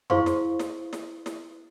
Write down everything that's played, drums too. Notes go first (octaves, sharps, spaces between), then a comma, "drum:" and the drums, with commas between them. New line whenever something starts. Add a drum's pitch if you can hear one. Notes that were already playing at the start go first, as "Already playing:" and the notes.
E4 G#4 C5 F5 C6 C#6, drum: tom F2
drum: snare
drum: snare
drum: snare
drum: snare